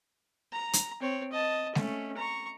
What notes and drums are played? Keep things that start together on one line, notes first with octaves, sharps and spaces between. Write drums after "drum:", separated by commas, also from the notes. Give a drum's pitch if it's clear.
A#5
drum: hi-hat
C4 C#5
D#5 A5
A3 C#4, drum: snare G#3
A#5 C#6